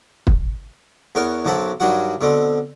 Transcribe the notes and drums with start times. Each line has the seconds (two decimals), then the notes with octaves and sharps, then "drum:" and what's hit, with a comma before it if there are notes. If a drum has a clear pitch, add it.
0.27 drum: kick
1.15 E2 B3 A#4 C#5
1.45 B1 F#2 C4 F#4 A5 B5
1.80 G2 D#3 F#3 G3 F#4 F#5
2.21 B2 D3 C4